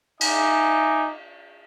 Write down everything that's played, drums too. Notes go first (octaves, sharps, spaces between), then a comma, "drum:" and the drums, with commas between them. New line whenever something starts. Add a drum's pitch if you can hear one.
D#4 E5 G#5 D6, drum: cymbal